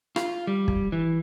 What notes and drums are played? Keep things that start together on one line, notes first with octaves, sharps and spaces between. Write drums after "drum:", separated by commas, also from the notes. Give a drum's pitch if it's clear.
F4, drum: rim click
G3
drum: kick
E3